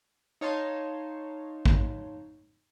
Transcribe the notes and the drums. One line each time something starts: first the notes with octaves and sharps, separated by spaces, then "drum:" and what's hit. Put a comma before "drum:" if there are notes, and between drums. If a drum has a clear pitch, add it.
D#4 C#5 F5 A5 C6
drum: kick A1